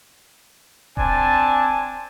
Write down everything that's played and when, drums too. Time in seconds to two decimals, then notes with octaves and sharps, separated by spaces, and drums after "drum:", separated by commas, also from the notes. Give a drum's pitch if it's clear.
0.97 C4 D4 G#5 A5, drum: kick D#1